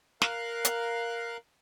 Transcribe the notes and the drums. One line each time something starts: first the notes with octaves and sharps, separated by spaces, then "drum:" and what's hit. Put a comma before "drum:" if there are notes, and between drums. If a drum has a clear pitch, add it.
A#4 F5 F#6, drum: snare
drum: hi-hat